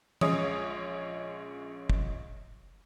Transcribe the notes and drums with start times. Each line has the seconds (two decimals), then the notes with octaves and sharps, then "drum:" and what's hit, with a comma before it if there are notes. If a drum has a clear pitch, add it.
0.21 A#1 G#3 C#4 C#5 D#6, drum: tom E3
1.90 drum: kick